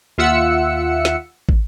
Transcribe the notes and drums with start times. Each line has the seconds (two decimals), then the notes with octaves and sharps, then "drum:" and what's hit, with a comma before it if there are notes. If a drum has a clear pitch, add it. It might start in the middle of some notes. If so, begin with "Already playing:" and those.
0.18 D#2 F4 E5 F#5 E6 C#7
1.05 drum: snare
1.49 drum: kick